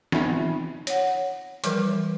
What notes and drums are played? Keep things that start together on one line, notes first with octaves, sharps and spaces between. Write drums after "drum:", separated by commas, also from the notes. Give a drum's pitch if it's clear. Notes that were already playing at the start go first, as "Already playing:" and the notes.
B3 C4 D#4 F4 E5 B5, drum: snare
C#5 F#5, drum: hi-hat
E3 F3 G3 A#4 B4, drum: hi-hat